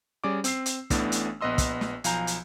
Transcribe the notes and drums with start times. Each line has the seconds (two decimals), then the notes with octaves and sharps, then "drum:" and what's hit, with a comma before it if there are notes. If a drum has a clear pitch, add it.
0.24 G3 C#4 G#4 D5 D6
0.44 C4 E6 C7, drum: hi-hat
0.66 drum: hi-hat
0.90 A1 A2 E3 A3 B3 D4, drum: kick, hi-hat
1.12 drum: hi-hat
1.41 A#1 B3 B4 D#5 C6 E6
1.58 drum: kick, hi-hat
1.81 drum: snare
2.04 B1 F3 F5 G#5 A#5 G6, drum: hi-hat
2.27 drum: hi-hat